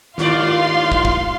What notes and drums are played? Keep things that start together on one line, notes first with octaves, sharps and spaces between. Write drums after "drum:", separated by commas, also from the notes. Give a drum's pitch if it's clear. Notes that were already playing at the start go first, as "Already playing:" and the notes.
D#2 G#2 F4 D5 F5 C6, drum: snare
drum: kick
drum: kick